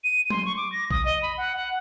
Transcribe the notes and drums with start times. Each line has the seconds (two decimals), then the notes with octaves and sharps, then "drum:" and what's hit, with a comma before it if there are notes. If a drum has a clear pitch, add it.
0.04 D#7
0.30 C6, drum: tom F#3
0.45 C#6
0.57 D6
0.72 A#6
0.91 D#6, drum: kick A#1
1.05 D#5
1.22 B5
1.37 F#5
1.57 F#5